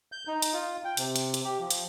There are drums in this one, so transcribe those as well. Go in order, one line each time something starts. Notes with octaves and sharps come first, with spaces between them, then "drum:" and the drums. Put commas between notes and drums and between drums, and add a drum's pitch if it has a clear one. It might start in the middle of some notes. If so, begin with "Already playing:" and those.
G6
D#4
drum: hi-hat
F4
G5
C3, drum: hi-hat
drum: hi-hat
drum: hi-hat
G4
F3
drum: hi-hat